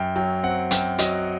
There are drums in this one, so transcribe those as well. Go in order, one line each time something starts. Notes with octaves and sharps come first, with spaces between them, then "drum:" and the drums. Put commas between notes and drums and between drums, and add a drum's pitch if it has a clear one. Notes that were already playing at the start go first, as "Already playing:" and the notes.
Already playing: F#2 G5
F#3 G5
C4 F#5
F#2 G5, drum: hi-hat
F#3 D#5, drum: hi-hat